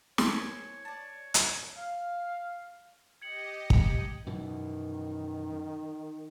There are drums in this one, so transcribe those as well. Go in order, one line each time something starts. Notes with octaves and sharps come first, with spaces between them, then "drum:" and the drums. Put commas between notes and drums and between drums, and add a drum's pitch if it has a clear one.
G#4 C5 C#5 A5, drum: snare
D5 A5
drum: hi-hat
F5
G4 D#5 G#6 C#7 F#7
drum: kick
F#2 B2 D#3 E3